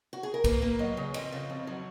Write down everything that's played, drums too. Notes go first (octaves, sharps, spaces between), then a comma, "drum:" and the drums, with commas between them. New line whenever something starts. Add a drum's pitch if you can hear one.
F#4
G#4
A#4
A#3 B4, drum: kick B1, cymbal
A#3
F#3 D#5
C#3
F2 D#5, drum: cymbal
C#3
F2
F#3